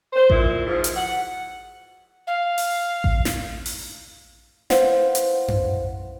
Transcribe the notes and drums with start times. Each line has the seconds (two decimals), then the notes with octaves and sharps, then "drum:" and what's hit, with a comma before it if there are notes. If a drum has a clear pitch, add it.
0.12 C5
0.30 A#2 E3 E4, drum: kick A1
0.66 G#2 F3
0.84 drum: hi-hat
0.95 F#5
2.27 F5
2.58 drum: open hi-hat
3.04 drum: kick A1
3.25 drum: snare
3.66 drum: open hi-hat
4.70 E4 B4 C5 F5 F#5, drum: snare
5.15 drum: hi-hat
5.48 drum: tom F#2